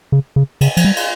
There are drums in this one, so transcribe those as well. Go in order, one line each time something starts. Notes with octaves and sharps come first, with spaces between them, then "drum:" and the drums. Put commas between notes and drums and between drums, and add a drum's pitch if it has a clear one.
C#3
C#3
C#3, drum: cymbal
F3, drum: cymbal
G3
drum: cymbal